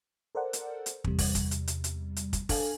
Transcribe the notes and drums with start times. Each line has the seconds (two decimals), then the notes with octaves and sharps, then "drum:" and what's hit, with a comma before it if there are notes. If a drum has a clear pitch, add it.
0.35 A4 A#4 C5 D5 F#5
0.53 drum: hi-hat
0.86 drum: hi-hat
1.04 E2 C3 G3, drum: kick
1.19 drum: kick, open hi-hat
1.35 drum: kick, hi-hat
1.51 drum: hi-hat
1.67 drum: hi-hat
1.84 drum: hi-hat
2.16 drum: hi-hat
2.33 drum: kick, hi-hat
2.49 D4 A4 F5 G#5, drum: kick, open hi-hat